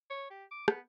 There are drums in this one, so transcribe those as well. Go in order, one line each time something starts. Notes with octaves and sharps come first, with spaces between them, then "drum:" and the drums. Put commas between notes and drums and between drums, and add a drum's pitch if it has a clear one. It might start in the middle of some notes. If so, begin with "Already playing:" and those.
C#5
G4
D6
B3, drum: rim click